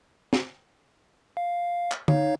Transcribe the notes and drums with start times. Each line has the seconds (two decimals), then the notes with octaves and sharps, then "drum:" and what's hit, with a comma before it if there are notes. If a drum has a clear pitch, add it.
0.33 drum: snare
1.37 F5
1.91 drum: clap
2.08 D#4 C#5 F5, drum: tom